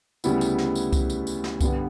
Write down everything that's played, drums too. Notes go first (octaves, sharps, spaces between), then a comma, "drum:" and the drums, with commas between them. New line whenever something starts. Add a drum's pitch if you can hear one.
D2 C#3 G3 B3 E4, drum: tambourine
drum: tambourine
drum: snare
drum: tambourine
drum: kick C2, tambourine
drum: tambourine
drum: tambourine
drum: snare
G2 D3 G3 B3, drum: kick C2, tambourine